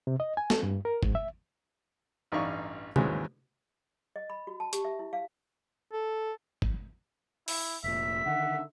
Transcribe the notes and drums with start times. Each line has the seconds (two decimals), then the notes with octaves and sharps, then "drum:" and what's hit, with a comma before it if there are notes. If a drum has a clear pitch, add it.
0.07 C3
0.20 D#5
0.37 G#5
0.50 A4, drum: snare
0.63 G2
0.85 A#4
1.03 G#2, drum: kick G1
1.15 E5
2.32 A1 G2 D#4 D5 F5 C#6
2.96 D#2 G#2 C#3 E3 F#3 G#3, drum: tom C3
4.16 D#5
4.30 B5
4.47 F#4
4.60 A5
4.73 G4, drum: hi-hat
4.85 E5
4.99 E4
5.13 F5
5.93 A4
6.62 drum: kick G1
7.48 E4, drum: open hi-hat
7.84 F1 A#2 E5 B6
8.26 D3 D#3 F#5